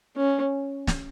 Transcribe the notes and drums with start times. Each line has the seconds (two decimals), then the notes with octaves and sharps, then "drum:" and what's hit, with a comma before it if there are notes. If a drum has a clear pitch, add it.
0.17 C#4
0.87 drum: snare